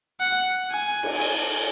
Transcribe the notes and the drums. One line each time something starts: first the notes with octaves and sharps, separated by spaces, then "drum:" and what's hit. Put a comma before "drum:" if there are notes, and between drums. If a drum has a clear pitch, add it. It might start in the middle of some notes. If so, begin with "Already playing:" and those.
F#5
G#5
drum: cymbal
drum: cymbal